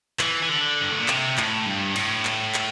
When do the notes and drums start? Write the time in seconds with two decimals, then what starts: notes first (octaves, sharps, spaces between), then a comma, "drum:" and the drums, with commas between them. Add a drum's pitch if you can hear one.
0.19 E3, drum: clap
0.43 E3
0.49 D3
0.82 G2
0.91 A2
0.99 A#2
1.08 C3, drum: clap
1.38 A2, drum: clap
1.66 G2
1.96 A2, drum: cymbal
2.25 drum: clap
2.54 drum: clap